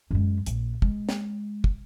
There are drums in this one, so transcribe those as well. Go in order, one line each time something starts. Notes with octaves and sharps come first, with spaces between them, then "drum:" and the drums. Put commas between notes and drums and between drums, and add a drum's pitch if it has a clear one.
F#2 G#3
A#1, drum: hi-hat
G#3, drum: kick
drum: snare
drum: kick